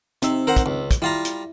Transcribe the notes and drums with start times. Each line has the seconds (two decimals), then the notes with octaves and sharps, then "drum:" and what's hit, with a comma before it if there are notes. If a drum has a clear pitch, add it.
0.22 C3 C4 D#4 E6, drum: hi-hat
0.47 A#4 C5 F#5
0.57 drum: kick, hi-hat
0.66 C#2
0.91 drum: kick, hi-hat
1.02 G3 E4 F4 A#5
1.25 drum: hi-hat